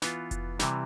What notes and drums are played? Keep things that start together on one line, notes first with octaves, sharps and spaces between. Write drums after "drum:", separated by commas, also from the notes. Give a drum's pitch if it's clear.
E3 B3 F4, drum: snare
drum: kick F1, hi-hat
C3 E3 G3, drum: snare